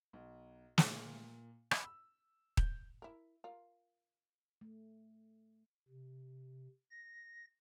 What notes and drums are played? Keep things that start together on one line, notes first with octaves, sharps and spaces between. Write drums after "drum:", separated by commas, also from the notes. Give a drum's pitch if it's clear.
B1
A#2, drum: snare
B5, drum: rim click
E6
G6, drum: kick D#1
E4 A#4
F4 A#4
A3
C3
A#6